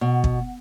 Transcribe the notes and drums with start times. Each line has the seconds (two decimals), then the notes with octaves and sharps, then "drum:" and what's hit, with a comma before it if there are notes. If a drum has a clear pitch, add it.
0.01 B2
0.24 drum: kick